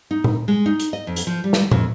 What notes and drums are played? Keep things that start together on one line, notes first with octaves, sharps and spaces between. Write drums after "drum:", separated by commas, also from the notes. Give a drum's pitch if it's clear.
D#4
drum: tom A#2
G#3
D#4
drum: hi-hat
D#5
F2
drum: hi-hat
F3
G3
drum: snare
F2, drum: tom A#2